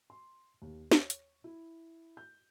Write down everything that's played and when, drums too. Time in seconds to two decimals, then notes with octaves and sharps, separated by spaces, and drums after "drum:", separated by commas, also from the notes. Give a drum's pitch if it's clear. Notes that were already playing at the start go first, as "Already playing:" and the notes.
0.10 C6
0.62 D#2
0.91 C#5, drum: snare
1.10 drum: hi-hat
1.44 E4
2.17 G6